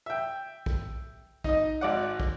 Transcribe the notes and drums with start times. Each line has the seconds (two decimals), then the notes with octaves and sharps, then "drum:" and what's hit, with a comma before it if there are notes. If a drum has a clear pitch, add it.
0.06 E5 G5
0.66 drum: kick
1.44 D#4 D#5, drum: kick
1.81 G#1 D5 F#5
2.20 drum: kick